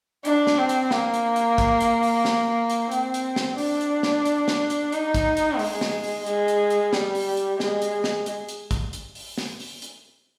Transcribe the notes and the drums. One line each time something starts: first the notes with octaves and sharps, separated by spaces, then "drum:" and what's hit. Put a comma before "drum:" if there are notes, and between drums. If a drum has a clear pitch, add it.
D4, drum: hi-hat
drum: snare
C4
drum: hi-hat
A#3, drum: snare
drum: hi-hat
drum: hi-hat
drum: kick, hi-hat
drum: hi-hat
drum: open hi-hat
drum: snare
drum: hi-hat
C4, drum: hi-hat
drum: hi-hat
drum: snare
D4, drum: open hi-hat
drum: hi-hat
drum: snare
drum: hi-hat
drum: snare
drum: hi-hat
D#4, drum: hi-hat
drum: kick, hi-hat
drum: hi-hat
G#3, drum: open hi-hat
drum: snare
drum: open hi-hat
G#3, drum: hi-hat
drum: hi-hat
drum: hi-hat
G3, drum: snare
drum: open hi-hat
drum: hi-hat
G#3, drum: snare
drum: hi-hat
drum: snare
drum: hi-hat
drum: hi-hat
drum: kick, hi-hat
drum: hi-hat
drum: open hi-hat
drum: snare
drum: open hi-hat
drum: hi-hat